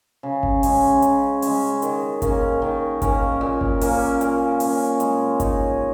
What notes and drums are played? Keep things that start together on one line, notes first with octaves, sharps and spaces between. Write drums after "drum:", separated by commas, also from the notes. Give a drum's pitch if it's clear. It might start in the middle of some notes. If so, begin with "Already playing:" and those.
C#3
drum: kick G#1
G#3 C#4, drum: open hi-hat
C#3, drum: hi-hat
G#3 C#4, drum: open hi-hat
D#3, drum: hi-hat
A#3 C#4 A#4, drum: kick G#1, hi-hat
D#3
A#3 C#4 A#4, drum: kick G#1, hi-hat
A#2
drum: kick G#1
A#3 C#4, drum: open hi-hat
A#2, drum: hi-hat
A#3 C#4, drum: open hi-hat
G#3, drum: hi-hat
D#4 G#4 C#5, drum: kick G#1, hi-hat